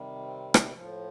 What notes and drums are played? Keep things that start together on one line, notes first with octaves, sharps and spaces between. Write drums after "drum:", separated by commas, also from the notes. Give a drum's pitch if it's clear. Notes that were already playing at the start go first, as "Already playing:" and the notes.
Already playing: C3 D#3 G3
C4
drum: rim click
A2 F3